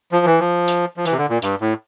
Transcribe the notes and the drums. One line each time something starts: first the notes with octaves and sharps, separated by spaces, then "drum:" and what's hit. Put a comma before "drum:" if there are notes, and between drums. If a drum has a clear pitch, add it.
F3
E3
F3
drum: hi-hat
F3
E3, drum: hi-hat
C3
D3
A#2
G2, drum: hi-hat
A2